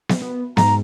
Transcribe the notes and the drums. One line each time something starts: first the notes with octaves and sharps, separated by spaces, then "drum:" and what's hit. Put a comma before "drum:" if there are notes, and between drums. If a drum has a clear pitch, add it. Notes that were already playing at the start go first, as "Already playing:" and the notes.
drum: snare B3
B3
G#2 A#5, drum: snare B3